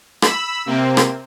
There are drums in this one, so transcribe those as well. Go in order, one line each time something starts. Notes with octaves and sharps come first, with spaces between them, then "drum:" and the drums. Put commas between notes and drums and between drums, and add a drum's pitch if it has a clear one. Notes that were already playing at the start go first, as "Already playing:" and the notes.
B5 E6, drum: rim click
C3 A#3 C4
drum: rim click